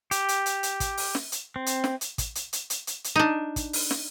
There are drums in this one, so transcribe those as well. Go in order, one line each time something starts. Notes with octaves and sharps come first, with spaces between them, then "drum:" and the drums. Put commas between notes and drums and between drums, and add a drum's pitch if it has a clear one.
G4, drum: hi-hat
drum: hi-hat
drum: hi-hat
drum: hi-hat
drum: kick, hi-hat
drum: open hi-hat
drum: snare
drum: hi-hat
C4
drum: hi-hat
drum: snare
drum: hi-hat
drum: kick, hi-hat
drum: hi-hat
drum: hi-hat
drum: hi-hat
drum: hi-hat
drum: hi-hat
D4 D#4
drum: kick, hi-hat
drum: open hi-hat
drum: snare